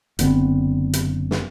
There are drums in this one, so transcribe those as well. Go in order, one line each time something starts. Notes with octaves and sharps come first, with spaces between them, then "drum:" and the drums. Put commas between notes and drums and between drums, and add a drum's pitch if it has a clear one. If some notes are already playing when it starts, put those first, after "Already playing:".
F#1 D3 B3 C4, drum: hi-hat
drum: hi-hat
drum: snare